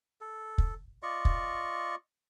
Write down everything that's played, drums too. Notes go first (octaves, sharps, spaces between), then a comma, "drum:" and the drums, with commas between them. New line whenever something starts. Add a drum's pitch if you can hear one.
A4
drum: kick
F4 D5 D#5 C#6
drum: kick